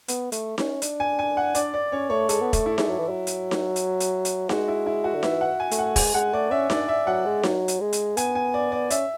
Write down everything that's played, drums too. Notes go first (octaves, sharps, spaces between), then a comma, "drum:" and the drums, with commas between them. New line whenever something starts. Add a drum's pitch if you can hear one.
B3, drum: hi-hat
A3, drum: hi-hat
C#4, drum: snare D#4
D4, drum: hi-hat
G#5
G#5
F#5
D4 D5, drum: hi-hat
D5
C#4 C#5
A3 C#5
G#3 A4, drum: hi-hat
B3
A3, drum: kick E1, hi-hat
E4
G#3, drum: snare D#4
F#3
E3
F#3
drum: hi-hat
drum: snare D#4
drum: hi-hat
drum: hi-hat
drum: hi-hat
G#3 F#4, drum: snare D#4
E4
E4
F#4
D3
E3 E5, drum: snare D#4
F#5
G#5
A3, drum: hi-hat
F#5
G#3 G#5, drum: kick E1, open hi-hat
G#3 F#5
A3 D5
C#4 E5
D4 D5, drum: snare D#4
E5
F#3 F#5
G#3
F#3, drum: snare D#4
drum: hi-hat
G#3
drum: hi-hat
B3 G#5, drum: hi-hat
G#5
D5
D5
C#4 E5, drum: hi-hat